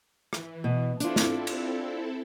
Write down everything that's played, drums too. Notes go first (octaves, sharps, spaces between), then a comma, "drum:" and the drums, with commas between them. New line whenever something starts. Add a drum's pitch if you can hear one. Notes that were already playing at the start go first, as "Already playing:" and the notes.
E3, drum: rim click
B2
C4 D4 E4 F4 A4, drum: hi-hat
drum: snare
drum: cymbal